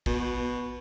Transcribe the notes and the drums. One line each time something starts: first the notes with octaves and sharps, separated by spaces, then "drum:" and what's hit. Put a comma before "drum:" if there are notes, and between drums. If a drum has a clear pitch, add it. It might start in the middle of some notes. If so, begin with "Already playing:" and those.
B2, drum: kick